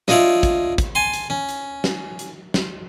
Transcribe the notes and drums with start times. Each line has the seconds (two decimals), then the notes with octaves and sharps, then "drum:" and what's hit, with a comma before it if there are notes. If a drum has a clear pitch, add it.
0.08 D4 D#4 F4 C#5 D5 E5, drum: snare
0.43 drum: kick, hi-hat
0.78 drum: kick, hi-hat
0.95 G#5 A5 C6
1.13 drum: hi-hat
1.30 C#4
1.49 drum: hi-hat
1.84 drum: snare
2.19 drum: hi-hat
2.54 drum: snare